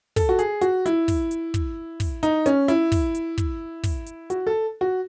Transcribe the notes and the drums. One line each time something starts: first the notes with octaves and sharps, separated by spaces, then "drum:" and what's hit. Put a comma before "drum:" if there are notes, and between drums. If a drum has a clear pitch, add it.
A4, drum: kick, open hi-hat
F#4
G#4, drum: hi-hat
F#4, drum: hi-hat
E4, drum: hi-hat
drum: kick, open hi-hat
drum: hi-hat
drum: kick, hi-hat
drum: kick, open hi-hat
D#4, drum: hi-hat
C#4, drum: hi-hat
E4, drum: hi-hat
drum: kick, open hi-hat
drum: hi-hat
drum: kick, hi-hat
drum: kick, open hi-hat
drum: hi-hat
F#4, drum: hi-hat
A4
F#4